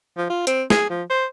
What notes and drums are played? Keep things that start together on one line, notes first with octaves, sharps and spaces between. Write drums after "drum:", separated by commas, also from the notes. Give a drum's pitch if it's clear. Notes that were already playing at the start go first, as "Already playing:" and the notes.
F3
F4
C4, drum: hi-hat
G#4, drum: snare
F3
C5